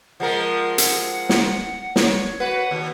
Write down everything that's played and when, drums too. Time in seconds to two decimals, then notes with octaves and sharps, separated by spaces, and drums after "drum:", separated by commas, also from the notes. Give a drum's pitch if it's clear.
0.20 F3 G#3 A#4 F#5
0.78 drum: hi-hat
1.29 drum: snare
1.96 C#5, drum: snare
2.40 F#4 B4 F#5
2.71 D#2